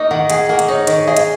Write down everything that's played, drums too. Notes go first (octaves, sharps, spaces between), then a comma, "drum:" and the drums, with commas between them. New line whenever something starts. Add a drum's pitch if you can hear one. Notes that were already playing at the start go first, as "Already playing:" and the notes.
Already playing: A#3 D#4 D#5 C#6
D#3 F#5
G#4 F#5, drum: hi-hat
A#3 F#5
drum: hi-hat
D#4 C#5
D#3 C#5, drum: hi-hat
G#4 D#5
drum: hi-hat